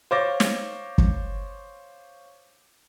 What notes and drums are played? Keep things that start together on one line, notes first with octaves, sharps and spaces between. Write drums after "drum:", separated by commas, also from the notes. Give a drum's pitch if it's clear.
C5 C#5 F5 D6 A6 A#6
drum: snare
drum: kick